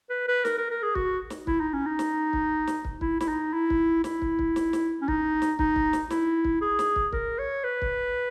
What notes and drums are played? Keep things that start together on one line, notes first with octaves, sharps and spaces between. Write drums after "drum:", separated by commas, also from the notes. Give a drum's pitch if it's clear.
B4
B4
A#4, drum: snare
A#4
A#4
G#4
F#4, drum: kick
drum: snare
E4, drum: kick
D#4
C#4
D#4
drum: snare
drum: kick
drum: snare
drum: kick
E4, drum: kick
E4, drum: snare
D#4
E4
drum: kick
E4, drum: snare
drum: kick
drum: kick
drum: snare
drum: snare
C#4
D#4, drum: kick
drum: snare
D#4, drum: kick
drum: kick
drum: snare
E4, drum: snare
drum: kick
G#4
drum: snare
drum: kick
A#4, drum: kick
C#5
B4
drum: kick